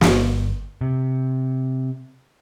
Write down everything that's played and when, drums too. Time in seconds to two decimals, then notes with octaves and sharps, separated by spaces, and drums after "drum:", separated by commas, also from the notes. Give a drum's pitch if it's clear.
0.01 G1, drum: snare
0.81 C3